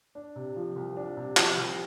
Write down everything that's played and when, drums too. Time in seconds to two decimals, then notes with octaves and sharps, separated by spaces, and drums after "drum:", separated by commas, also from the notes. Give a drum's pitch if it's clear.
0.15 D4
0.36 C3
0.56 F3
0.76 C2
0.97 D4
1.17 C3
1.37 F3, drum: clap
1.57 C2